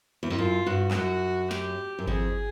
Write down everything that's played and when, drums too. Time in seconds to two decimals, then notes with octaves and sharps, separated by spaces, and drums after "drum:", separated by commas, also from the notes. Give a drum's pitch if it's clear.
0.23 E2
0.30 F2
0.38 F#2 F4
0.66 G2 F#4
0.91 G2, drum: clap
0.95 F#2 F#4
1.51 G4, drum: snare
1.99 F#2
2.07 F2 G#4, drum: kick G#1